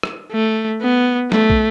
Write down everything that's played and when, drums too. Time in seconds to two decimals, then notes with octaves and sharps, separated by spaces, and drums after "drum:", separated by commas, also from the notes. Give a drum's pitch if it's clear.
0.03 drum: rim click
0.32 A3
0.82 B3
1.32 A3, drum: snare
1.50 drum: kick